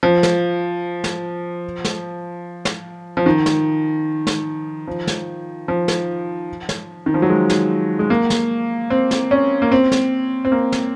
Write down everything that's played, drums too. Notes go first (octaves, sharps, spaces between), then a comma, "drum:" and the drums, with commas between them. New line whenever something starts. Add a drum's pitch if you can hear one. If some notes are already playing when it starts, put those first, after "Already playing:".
F3
drum: snare
drum: snare
drum: snare
drum: snare
F3
D#3
drum: snare
drum: snare
F3
drum: snare
F3
drum: snare
drum: snare
D#3
F3
F#3
G#3
drum: snare
G#3
A#3
drum: snare
C4
drum: snare
C#4
A#3
C4
drum: snare
C4
A#3
drum: snare